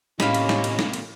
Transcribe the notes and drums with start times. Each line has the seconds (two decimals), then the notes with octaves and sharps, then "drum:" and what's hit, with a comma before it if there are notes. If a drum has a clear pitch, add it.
0.20 A2 C3 A#3 C#4 G4 D#5 F5 B5, drum: snare
0.34 drum: cymbal
0.49 drum: snare
0.64 drum: cymbal
0.79 drum: snare
0.93 drum: cymbal